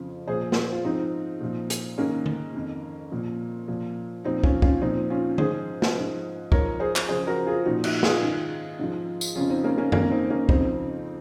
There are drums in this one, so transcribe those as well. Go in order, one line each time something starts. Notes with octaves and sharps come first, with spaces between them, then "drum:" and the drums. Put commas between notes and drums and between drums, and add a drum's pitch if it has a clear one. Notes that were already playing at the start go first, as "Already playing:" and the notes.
Already playing: F2 C#3 F3
A#2 F3 G#4 C5
drum: snare
F4
G#2 F3 C4 D#4
A#2 F3
drum: hi-hat
G#2 D#3 A#3 C#4
drum: tom D3
F2 D#3
A#2 F3
A#2 F3
A#2 F3 C4 D#4
C#4 F4, drum: kick
C#4 F4, drum: kick
A#2 F3 C4 D#4
C#4 F4
G#2 F3 G#4 C5, drum: tom D3
drum: snare
G#2 F3
G#2 F3 A#4 C#5, drum: kick
G#4 C5
drum: clap
F#2 C#3 F3 G#4 C5
F#4 A#4
F4 G#4
A#2 F3 D#4 F#4
D#4 F#4, drum: cymbal
F4 G#4, drum: snare
G#2 D#3
G#2 F3
drum: tambourine
F2 C#3 F3 C#4 F4
C4 D#4
A#3 C#4
A#3 C#4
F2 D#3 A#3 C#4, drum: tom F#2
C4 D#4
A#3 C#4
F2 C#3 F3 C4 D#4, drum: kick